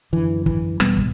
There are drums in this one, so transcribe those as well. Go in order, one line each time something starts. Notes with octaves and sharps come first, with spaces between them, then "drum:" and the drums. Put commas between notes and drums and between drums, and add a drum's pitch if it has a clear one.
F#2 D3 E3
E3, drum: kick
E2 B2 G3 B3, drum: rim click
drum: kick